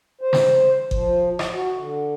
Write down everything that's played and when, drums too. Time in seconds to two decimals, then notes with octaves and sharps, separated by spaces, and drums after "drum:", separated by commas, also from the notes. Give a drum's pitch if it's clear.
0.21 C5
0.33 drum: snare
0.91 F3, drum: kick G1
1.39 drum: rim click
1.53 F#4
1.76 D3